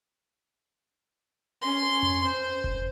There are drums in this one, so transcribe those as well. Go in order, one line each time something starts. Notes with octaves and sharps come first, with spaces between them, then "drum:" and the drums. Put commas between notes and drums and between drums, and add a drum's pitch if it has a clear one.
C#4 C6
drum: tom F2
C5
drum: kick F1